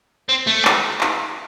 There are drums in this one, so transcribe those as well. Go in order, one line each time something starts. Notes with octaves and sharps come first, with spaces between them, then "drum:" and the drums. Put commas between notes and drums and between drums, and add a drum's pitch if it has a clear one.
C4
A3
drum: clap
drum: clap